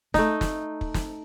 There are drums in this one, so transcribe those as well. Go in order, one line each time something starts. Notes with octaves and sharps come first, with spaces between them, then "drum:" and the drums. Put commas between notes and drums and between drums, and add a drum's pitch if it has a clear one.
A3 D#4, drum: snare
drum: snare
drum: kick
drum: snare